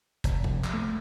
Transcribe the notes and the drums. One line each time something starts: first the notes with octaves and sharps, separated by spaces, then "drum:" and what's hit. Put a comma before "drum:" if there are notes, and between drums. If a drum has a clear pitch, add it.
F1, drum: kick, hi-hat
drum: tom F2
drum: clap
A3